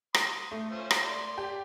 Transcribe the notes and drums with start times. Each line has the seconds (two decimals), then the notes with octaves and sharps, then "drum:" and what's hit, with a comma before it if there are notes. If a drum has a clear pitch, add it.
0.14 C6 D#6, drum: rim click
0.51 A3
0.71 C#4 F4 C5
0.91 drum: rim click
1.04 D5 C6
1.38 G4